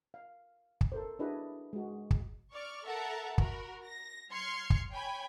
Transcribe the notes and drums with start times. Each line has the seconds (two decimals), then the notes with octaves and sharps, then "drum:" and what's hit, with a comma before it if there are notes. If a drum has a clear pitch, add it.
0.14 F5
0.81 drum: kick
0.92 A4 A#4 C5
1.19 D4 E4 F#4 G#4 B4 D#5
1.73 G#3 F#4
2.11 drum: kick
2.54 D5 C#6 F6
2.85 A4 A#4 E5 F#5 A5 A#5
3.38 F#4 A#4 B5, drum: kick
3.84 A#6
4.31 F#3 C6 F6 G#6 C7 C#7
4.70 drum: kick
4.92 C#5 G5 G#5 B5